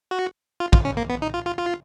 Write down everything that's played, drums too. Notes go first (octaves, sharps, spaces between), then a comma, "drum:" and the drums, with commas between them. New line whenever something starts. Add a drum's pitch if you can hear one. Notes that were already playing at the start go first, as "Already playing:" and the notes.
F#4
F4
F4, drum: kick
C#4
A#3
B3
D#4
F4
F4
F4